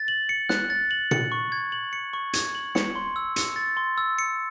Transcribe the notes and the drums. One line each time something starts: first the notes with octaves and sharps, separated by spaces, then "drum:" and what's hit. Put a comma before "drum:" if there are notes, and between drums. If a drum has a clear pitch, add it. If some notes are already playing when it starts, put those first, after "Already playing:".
Already playing: A6
F#7
C#7
F#6, drum: snare
A6
F#7
C#7, drum: tom A#2
C#6
G#6
F#7
C#7
C#6
G#6, drum: hi-hat
F#7
C#7, drum: snare
C6
E6
C#7, drum: hi-hat
A6
C6
E6
C#7